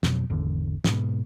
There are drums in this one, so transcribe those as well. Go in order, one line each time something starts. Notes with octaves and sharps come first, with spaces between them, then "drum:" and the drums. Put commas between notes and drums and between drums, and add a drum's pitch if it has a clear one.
F2 B2 F#3, drum: snare
G#1 E2 D3
G#2 B2, drum: snare